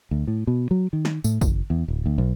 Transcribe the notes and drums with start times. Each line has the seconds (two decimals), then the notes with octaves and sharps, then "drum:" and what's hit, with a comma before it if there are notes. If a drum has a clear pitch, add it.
0.11 D2
0.27 A2
0.47 B2
0.71 F#3
0.93 D#3
1.05 drum: snare
1.24 A2, drum: tambourine
1.41 F#1, drum: kick, tambourine
1.70 E2
1.88 D1
2.06 D2
2.18 B1